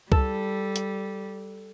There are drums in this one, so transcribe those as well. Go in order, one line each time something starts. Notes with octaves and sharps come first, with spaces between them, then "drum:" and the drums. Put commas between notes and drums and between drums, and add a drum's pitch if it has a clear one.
G3 A4, drum: kick C#2
drum: hi-hat